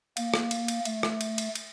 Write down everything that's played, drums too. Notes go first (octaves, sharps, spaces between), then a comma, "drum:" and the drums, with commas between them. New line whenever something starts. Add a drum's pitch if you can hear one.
A#3, drum: cymbal
drum: rim click
drum: cymbal
drum: cymbal
A3, drum: cymbal
drum: rim click
drum: cymbal
drum: cymbal
drum: cymbal